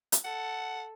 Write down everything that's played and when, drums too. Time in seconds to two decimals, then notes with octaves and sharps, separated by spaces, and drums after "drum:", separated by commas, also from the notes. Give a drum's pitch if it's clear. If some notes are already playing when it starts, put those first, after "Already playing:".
0.12 drum: hi-hat
0.24 A4 F#5